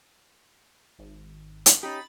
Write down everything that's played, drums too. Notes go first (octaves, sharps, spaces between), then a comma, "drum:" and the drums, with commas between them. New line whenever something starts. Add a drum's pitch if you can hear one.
G#1
drum: hi-hat
C#4 D#4 G4 B5 A6